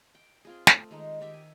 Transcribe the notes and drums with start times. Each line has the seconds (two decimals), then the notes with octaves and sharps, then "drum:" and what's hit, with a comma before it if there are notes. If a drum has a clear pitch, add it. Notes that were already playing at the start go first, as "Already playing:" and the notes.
0.15 G5
0.45 C4 F4 G#4
0.67 A3, drum: snare
0.91 D#3 G#3 D#4
1.21 D#3 G4 E5
1.34 G#5